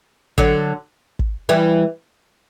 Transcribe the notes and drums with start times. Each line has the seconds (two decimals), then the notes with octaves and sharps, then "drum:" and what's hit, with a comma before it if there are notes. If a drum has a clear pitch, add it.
0.38 D3 F#3, drum: kick
1.19 drum: kick
1.49 E3 G3